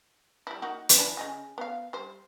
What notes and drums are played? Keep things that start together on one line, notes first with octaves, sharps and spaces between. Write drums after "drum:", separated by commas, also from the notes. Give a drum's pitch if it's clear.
G3 E4
A#3 D#4 F#4
drum: hi-hat
E3 D4 B4
C#3 D#5 G#5
B3 F5
G3 C5